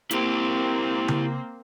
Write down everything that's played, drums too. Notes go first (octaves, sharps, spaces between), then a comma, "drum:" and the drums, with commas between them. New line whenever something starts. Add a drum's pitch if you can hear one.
A#3 C4 E4 G4, drum: hi-hat
drum: tom C#3